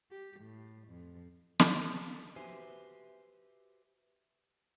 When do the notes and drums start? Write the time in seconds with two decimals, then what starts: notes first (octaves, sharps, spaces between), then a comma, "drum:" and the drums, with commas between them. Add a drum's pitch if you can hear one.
0.11 G4
0.40 A2
0.88 F2
1.60 drum: snare
2.36 F#4 G4 B4 C5 E5 G#5